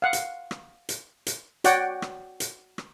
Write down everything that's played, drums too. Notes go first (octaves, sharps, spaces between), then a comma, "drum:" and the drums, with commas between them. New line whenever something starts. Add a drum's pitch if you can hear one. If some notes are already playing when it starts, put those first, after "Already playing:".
F5 F#5
drum: hi-hat
drum: rim click
drum: hi-hat
drum: hi-hat
F#4 C#5 D5 F#5 G5, drum: hi-hat
drum: rim click
drum: hi-hat
drum: rim click